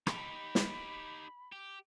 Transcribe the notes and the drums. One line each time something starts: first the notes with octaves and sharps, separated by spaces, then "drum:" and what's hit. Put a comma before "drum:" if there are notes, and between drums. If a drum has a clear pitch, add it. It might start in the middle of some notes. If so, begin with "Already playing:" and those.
D#4 G4 B5, drum: rim click
drum: snare
G4